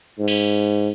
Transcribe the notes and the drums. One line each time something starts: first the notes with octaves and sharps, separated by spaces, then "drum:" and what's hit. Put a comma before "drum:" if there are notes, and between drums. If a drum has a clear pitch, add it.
G#2
drum: cymbal